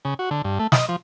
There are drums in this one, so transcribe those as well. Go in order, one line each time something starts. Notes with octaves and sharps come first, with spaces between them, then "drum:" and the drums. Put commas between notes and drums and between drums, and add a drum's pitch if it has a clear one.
C#3
F#4
D3
G2
A3
D#5, drum: snare
F3